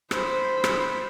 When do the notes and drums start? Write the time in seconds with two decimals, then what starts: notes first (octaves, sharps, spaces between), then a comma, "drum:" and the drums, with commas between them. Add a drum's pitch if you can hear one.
0.11 C5 B5, drum: rim click
0.64 drum: rim click